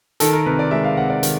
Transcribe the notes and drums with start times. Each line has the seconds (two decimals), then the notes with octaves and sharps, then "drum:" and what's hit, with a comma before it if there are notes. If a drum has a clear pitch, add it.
0.20 D#3 A4, drum: hi-hat
0.33 A#4
0.46 C3 B4
0.59 D5
0.71 G#3 E5
0.84 F5
0.97 C3 F#5
1.10 D5
1.23 D#3, drum: hi-hat